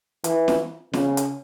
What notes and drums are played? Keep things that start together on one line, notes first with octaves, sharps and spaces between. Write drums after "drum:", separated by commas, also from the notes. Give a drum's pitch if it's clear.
E3, drum: hi-hat
drum: snare
C#3, drum: snare
drum: hi-hat